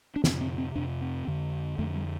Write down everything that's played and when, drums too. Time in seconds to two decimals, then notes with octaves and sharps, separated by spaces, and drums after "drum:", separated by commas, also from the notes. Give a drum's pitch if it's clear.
0.16 D4
0.24 F2 C3 C4, drum: snare
0.41 C4
0.58 C4
0.75 F2 C3 D4
1.01 C4
1.27 F2 D3
1.79 F2 D3 A3
1.95 G3